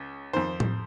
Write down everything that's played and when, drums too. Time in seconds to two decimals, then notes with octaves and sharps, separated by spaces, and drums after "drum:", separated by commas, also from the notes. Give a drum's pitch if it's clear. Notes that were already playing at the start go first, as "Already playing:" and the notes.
Already playing: C#2 C#3
0.33 F2 D#3 C5
0.60 drum: tom A2